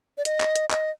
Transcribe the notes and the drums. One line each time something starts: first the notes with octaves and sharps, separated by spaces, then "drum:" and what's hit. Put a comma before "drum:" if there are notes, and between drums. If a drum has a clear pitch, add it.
D5
D#5, drum: hi-hat
drum: clap
drum: hi-hat
D#5, drum: clap